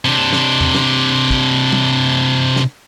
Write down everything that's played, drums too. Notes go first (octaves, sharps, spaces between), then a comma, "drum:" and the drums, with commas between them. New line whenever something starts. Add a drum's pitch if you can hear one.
C3 D4
drum: snare
drum: tom E2
drum: snare
drum: kick
drum: tom
drum: snare